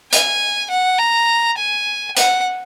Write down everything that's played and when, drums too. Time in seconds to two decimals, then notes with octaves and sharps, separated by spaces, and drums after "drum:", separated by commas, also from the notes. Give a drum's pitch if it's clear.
0.12 G#5, drum: hi-hat
0.70 F#5
0.99 A#5
1.57 G#5
2.16 F#5, drum: hi-hat